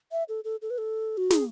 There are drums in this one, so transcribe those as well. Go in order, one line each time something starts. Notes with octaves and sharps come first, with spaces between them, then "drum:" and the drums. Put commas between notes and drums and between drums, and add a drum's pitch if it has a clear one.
E5
A4
A4
A4
B4
A4
F#4
G#4, drum: snare